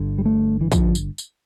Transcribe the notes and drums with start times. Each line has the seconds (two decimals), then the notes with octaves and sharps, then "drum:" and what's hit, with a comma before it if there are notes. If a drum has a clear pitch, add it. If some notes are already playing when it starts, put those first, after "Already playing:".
Already playing: G1 G2 D3
0.18 G3
0.25 A3
0.61 E3
0.72 F3, drum: kick, tambourine
0.95 drum: tambourine
1.18 drum: tambourine